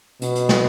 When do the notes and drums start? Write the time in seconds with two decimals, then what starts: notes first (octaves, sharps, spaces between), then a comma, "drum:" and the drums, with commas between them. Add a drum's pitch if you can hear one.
0.22 B2, drum: hi-hat
0.35 drum: hi-hat
0.49 drum: snare